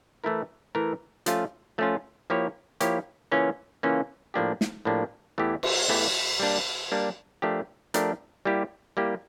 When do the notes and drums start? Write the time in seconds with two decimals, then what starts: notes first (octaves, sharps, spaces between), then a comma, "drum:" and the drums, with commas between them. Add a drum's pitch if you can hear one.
0.24 E3 A3 E4 A#4
0.75 E3 A3 E4 A#4
1.26 F3 A3 C#4 F4, drum: hi-hat
1.78 F3 A3 C#4 F4
2.30 F3 A#3 E4 G4 C#5
2.80 F3 A#3 E4 G4 C#5, drum: hi-hat
3.32 C#3 E3 A#3 C#4 F4
3.83 C#3 E3 A#3 C#4 F4
4.34 A2 F3 A#3 D4 G4
4.61 drum: snare
4.85 A2 F3 A#3 D4 G4
5.38 E2 E3 A3 E4 G4
5.63 drum: cymbal
5.89 E2 E3 A3 E4 G4
6.40 G3 A#3 D4
6.92 G3 A#3 D4
7.42 F3 A3 D4 G4 A#4
7.94 F3 A3 D4 G4 A#4, drum: hi-hat
8.45 G3 A#3 E4 G4
8.97 G3 A#3 E4 G4